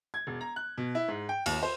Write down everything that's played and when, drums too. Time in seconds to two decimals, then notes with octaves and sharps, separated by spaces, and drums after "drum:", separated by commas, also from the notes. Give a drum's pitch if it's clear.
0.14 G#6
0.27 E1
0.41 A#5
0.56 F#6
0.78 B2
0.95 E4
1.08 G#2
1.29 G5
1.46 D#2, drum: cymbal
1.63 C5